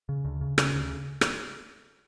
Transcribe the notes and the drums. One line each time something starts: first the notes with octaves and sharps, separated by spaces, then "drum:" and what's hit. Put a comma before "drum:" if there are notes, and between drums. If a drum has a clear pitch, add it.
C#3
D2
C#3
C#3 C#4, drum: rim click
D2
C#3
drum: rim click